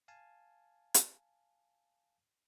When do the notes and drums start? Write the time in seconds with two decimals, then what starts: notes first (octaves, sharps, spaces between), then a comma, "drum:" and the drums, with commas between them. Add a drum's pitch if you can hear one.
0.08 F5 G#5 A5
0.94 drum: hi-hat